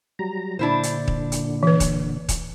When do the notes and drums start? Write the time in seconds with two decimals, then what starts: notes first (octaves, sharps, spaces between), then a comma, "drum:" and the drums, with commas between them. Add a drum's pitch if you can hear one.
0.19 F#3 G3 A#5
0.59 A#2 D3 D4 E4 C5
0.83 drum: hi-hat
1.08 drum: kick D#1
1.32 drum: hi-hat
1.63 E3 B4
1.80 drum: kick D#1, hi-hat
2.29 drum: kick D#1, hi-hat